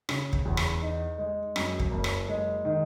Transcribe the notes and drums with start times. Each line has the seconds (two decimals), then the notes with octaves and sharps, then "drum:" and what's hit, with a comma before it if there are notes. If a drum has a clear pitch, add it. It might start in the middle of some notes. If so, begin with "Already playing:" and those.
0.09 C#3, drum: rim click
0.33 drum: kick
0.45 E2
0.57 drum: rim click
0.81 D#4
1.18 G#3
1.56 F#2, drum: rim click
1.80 drum: kick
1.91 F#1
2.04 drum: rim click
2.29 G#3
2.65 D#3